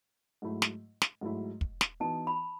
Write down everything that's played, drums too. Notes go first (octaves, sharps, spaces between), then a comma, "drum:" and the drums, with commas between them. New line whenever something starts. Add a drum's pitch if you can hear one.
G#2 F#3 A3 E4
drum: snare
drum: snare
G#2 F#3 A3 E4
drum: kick
drum: snare
E3 B3 D#4 F#4 A5
B5